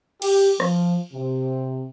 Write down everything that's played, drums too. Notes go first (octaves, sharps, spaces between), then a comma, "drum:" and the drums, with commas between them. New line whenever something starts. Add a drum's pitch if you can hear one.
G4, drum: cymbal
F3, drum: rim click
C3